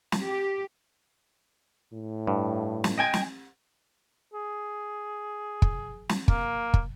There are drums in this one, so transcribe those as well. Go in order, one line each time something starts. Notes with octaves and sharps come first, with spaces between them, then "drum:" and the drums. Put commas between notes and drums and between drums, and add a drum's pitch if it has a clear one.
drum: snare
G4
A2
G2
drum: snare
D#5 G5 G#5
drum: snare
G#4
drum: kick
drum: snare
A#3, drum: kick
drum: kick